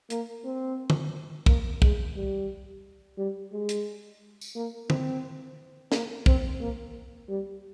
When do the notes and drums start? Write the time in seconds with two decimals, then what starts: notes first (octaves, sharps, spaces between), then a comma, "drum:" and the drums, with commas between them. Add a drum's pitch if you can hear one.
0.10 A#3, drum: hi-hat
0.44 C4
0.90 drum: tom D3
1.46 A#3, drum: kick
1.82 G#3, drum: kick
2.16 G3
3.18 G3
3.52 G#3
3.69 drum: hi-hat
4.41 drum: tambourine
4.55 A#3
4.90 C4, drum: tom D3
5.92 A#3, drum: snare
6.26 C4, drum: kick
6.60 A#3
7.29 G3